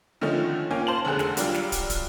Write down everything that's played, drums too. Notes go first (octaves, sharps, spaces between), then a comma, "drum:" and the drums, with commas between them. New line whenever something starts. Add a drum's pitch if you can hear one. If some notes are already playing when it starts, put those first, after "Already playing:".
D3 D#3 F3 A3 C#4 D#4
A#3 C#4 F4 G5 G#5
C5 A5 F#7
F1 E2 D3 G#4 A4 F#6
drum: snare
F#3 G3 D4 F4 G4, drum: hi-hat
drum: snare
drum: kick, hi-hat
drum: kick, hi-hat